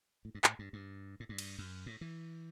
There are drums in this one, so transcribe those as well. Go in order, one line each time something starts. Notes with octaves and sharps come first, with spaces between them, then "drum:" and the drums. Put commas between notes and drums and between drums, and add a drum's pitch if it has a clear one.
A2
G2
A2, drum: clap
G2
G2
A2
G2
drum: cymbal
F#2
A2
E3